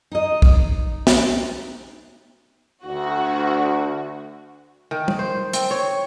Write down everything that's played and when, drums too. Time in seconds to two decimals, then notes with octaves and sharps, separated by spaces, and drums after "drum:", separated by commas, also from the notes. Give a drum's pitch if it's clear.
0.12 D#4 D#5
0.42 drum: kick
1.07 drum: snare
2.85 D2 F#4
4.91 D#3
5.08 drum: tom G3
5.19 C5
5.53 C4, drum: hi-hat
5.71 C#5